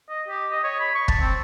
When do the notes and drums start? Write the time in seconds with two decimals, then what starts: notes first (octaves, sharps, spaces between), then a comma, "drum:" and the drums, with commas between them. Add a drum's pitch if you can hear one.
0.09 D#5
0.28 G4
0.52 D#5
0.63 C#5
0.80 B5
0.95 C#6
1.08 A5, drum: kick
1.20 C4